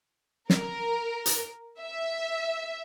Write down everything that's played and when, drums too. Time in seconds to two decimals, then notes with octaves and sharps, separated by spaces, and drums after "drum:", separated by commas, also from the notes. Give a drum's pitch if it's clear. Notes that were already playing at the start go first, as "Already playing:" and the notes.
0.50 A#4, drum: snare
1.26 drum: hi-hat
1.80 E5